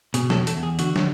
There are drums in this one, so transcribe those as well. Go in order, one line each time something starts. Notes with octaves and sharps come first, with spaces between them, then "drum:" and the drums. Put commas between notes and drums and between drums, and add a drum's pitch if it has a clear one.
B2 G#4, drum: hi-hat
A4, drum: snare
E2
A4, drum: hi-hat
E2
G#4
D3 F#4, drum: hi-hat
drum: snare